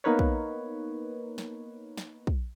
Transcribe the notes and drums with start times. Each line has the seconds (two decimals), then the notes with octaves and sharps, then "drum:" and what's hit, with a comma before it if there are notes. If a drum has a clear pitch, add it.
0.04 A#3 B3 D#4 A#4 B4 C#5
0.19 drum: kick
1.38 drum: snare
1.97 drum: snare
2.27 drum: kick